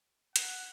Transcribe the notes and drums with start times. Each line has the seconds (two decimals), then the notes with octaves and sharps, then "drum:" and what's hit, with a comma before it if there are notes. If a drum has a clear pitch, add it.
0.36 F#5, drum: hi-hat